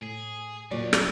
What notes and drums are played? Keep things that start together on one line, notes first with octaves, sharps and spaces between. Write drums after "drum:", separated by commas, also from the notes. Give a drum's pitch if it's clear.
A2 G#4
E2 A#2 F#3 C#5 D5
drum: rim click